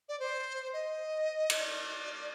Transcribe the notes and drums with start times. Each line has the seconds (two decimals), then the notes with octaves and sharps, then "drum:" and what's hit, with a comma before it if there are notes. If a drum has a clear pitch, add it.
0.09 D5
0.20 C5
0.73 D#5
1.50 drum: cymbal
1.60 D5